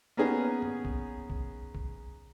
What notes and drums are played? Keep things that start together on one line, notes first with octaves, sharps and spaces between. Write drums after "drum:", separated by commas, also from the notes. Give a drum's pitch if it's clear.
A#3 B3 C#4 D#4 G#4
drum: tom G2
drum: kick B1
drum: kick B1
drum: kick B1